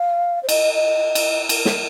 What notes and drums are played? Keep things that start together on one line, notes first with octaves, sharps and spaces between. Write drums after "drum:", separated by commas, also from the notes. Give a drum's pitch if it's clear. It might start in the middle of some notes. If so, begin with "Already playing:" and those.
Already playing: F5
C5
D#5, drum: cymbal
D#5
drum: cymbal
A#4, drum: cymbal
drum: snare